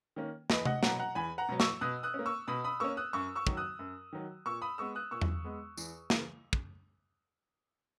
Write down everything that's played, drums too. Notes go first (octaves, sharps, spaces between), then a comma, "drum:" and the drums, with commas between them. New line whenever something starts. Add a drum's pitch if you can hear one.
D#3 A#3 C#4
E2 B4 D#5, drum: snare
D#5 F#5, drum: tom C3
B2 F#3 F#5 A#5, drum: snare
F#5 A#5
E2 G#5 B5
F#5 A#5
B2 F#3
C#6 E6, drum: snare
B2 D#6 F#6
D#6 F#6
A#3 C#4
C#6 E6
B2 B5 D#6
B5 D#6
A#3 C#4 C#6 E6
D#6 F#6
F#2 C#6 E6
C#6 E6
D#3 F#3, drum: kick
D#6 F#6
F#2
D#3 F#3
A#2 C#6 E6
B5 D#6
G#3 B3 C#6 E6
D#6 F#6
A#2 C#6 E6
drum: tom E2
G#3 B3
E2, drum: tambourine
C#3 E3 A#3, drum: snare
drum: kick